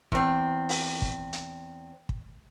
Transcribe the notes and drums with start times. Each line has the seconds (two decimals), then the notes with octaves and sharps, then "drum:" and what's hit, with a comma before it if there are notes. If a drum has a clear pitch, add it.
0.12 E2 C4, drum: kick
0.69 drum: open hi-hat
1.02 drum: kick
1.33 drum: hi-hat
2.09 drum: kick